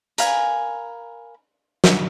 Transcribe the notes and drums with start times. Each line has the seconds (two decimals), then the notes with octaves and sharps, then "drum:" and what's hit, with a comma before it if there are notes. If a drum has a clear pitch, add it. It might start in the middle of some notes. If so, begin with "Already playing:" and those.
0.18 A#4 B4 F5 G#5, drum: hi-hat
1.84 drum: snare